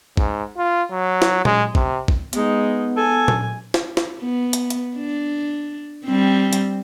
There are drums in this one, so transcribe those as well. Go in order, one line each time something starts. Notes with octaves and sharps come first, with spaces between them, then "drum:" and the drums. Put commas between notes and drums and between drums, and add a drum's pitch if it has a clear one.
G#2, drum: kick
F4
F#3
drum: snare
G#3, drum: tom A#2
C3, drum: kick
drum: kick
G#3 B3 D#4, drum: hi-hat
A4 G#5
drum: tom A#2
drum: snare
drum: snare
B3
drum: hi-hat
drum: hi-hat
D4
G3 C4
drum: hi-hat